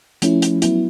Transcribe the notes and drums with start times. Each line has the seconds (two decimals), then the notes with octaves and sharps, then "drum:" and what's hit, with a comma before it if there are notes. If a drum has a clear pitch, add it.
0.22 F3 A3 C#4 E4, drum: hi-hat
0.42 drum: hi-hat
0.62 F#3 B3 E4, drum: hi-hat